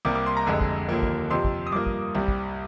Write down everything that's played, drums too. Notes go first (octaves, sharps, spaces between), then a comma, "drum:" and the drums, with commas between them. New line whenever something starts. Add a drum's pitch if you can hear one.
C2 C3 G3 A#3 D6
D6
C6
A#5
F1 F2 D3 G#3
drum: kick
D#2 D3 F3 A#3
drum: kick
F2 C3 F3 C6
drum: kick
D#6
G2 F3 A#3 D6
drum: kick
C2 C3 G3
drum: kick